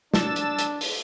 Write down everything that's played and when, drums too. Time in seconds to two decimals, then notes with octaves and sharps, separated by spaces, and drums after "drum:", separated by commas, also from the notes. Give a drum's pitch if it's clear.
0.14 D4 A5 E6, drum: snare
0.36 drum: hi-hat
0.59 drum: hi-hat
0.81 drum: open hi-hat